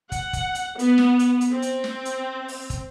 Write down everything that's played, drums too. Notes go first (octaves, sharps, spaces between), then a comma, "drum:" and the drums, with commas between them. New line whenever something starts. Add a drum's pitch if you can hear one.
F#5, drum: kick, hi-hat
drum: kick, hi-hat
drum: hi-hat
B3, drum: hi-hat
drum: snare
drum: hi-hat
drum: hi-hat
C4
drum: hi-hat
drum: snare
drum: hi-hat
drum: open hi-hat
drum: kick, hi-hat